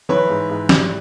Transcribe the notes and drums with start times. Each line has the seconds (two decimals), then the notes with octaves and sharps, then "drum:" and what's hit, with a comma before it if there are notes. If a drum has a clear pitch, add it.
0.09 E3 B4 C#5
0.29 G#2
0.50 G#2
0.69 G3, drum: snare